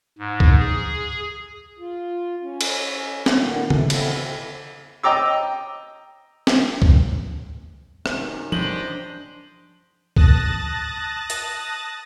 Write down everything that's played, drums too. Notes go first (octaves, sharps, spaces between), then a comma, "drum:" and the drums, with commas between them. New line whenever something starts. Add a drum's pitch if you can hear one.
G#2
drum: kick C#2
G#4
F4
C#4
drum: cymbal
drum: snare
A#2 D3 D#3 A#3 B3
C#3 E3 A3 A4, drum: tom C#3
B3 C4 E4 F4 A4, drum: cymbal
D#5 G5 A#5 D6 E6
drum: snare
drum: kick C#2
F#2 C3 D#3, drum: rim click
D4 G4 C5 D#5 F#7, drum: tom F3
A5 D#6 F#6 A6 A#6, drum: kick C#2
drum: hi-hat